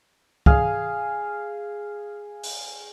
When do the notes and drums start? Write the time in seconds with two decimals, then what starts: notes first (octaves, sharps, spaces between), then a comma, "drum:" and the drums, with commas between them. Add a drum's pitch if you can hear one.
0.46 G#4 F5, drum: kick
2.43 drum: open hi-hat